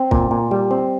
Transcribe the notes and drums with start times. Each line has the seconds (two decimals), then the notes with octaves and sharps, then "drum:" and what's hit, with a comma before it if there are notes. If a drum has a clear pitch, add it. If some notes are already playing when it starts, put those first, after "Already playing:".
Already playing: C4
0.11 A#2, drum: kick
0.31 A#2
0.51 G3
0.71 C4